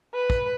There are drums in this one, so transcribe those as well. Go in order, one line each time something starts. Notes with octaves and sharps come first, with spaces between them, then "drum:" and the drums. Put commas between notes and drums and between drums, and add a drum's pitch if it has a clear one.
B4
drum: kick